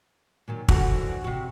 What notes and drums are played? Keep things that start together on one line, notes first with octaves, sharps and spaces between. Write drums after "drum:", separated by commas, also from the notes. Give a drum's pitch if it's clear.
A#2 D#3 F#3
D3 E3 F3 F#4, drum: kick
C3 F#4